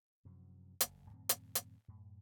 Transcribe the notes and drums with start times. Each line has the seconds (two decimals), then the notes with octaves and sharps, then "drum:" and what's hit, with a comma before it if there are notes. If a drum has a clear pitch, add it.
0.25 F#2 C3 F3
0.80 F#1 F2, drum: hi-hat
1.10 F#2 A2 D#3 C4
1.29 drum: hi-hat
1.55 drum: hi-hat
1.88 F#2 A2